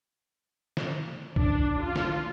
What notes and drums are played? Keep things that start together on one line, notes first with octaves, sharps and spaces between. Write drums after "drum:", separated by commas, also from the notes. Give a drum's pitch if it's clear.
drum: snare
D4, drum: kick B1
F4
drum: snare